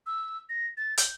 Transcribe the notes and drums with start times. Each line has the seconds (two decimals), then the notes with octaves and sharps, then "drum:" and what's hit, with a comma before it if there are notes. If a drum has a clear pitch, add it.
0.06 E6
0.49 A#6
0.77 A6
0.97 G6, drum: hi-hat